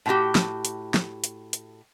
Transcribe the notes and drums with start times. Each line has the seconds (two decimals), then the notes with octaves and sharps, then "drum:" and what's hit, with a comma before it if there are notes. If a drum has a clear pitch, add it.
0.06 A2 C3 E3 F#4 G4
0.35 drum: snare
0.65 drum: hi-hat
0.94 drum: snare
1.24 drum: hi-hat
1.53 drum: hi-hat